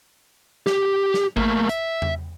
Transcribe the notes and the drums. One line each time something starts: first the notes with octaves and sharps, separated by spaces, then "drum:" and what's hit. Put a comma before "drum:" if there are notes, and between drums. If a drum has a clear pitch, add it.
G4, drum: snare
drum: snare
A3 A#3, drum: kick G#1
E5, drum: hi-hat
drum: tom E2